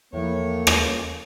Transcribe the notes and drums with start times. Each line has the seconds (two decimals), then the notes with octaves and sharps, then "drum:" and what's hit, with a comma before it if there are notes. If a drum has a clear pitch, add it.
0.13 E2 A2 F3 A#3 C#5
0.67 drum: rim click